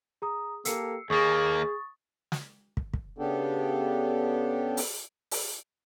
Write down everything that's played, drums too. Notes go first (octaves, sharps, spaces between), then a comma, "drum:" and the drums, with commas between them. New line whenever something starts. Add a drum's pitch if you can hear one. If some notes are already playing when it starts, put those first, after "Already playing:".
G#4 A#5 D#6
A#3 G4 A4 E6 C7 C#7, drum: hi-hat
D#2 A#3 G#4 C#6 D#6 A6
drum: snare
drum: kick
drum: kick
C#3 B3 D4 G4 A4
drum: open hi-hat
drum: open hi-hat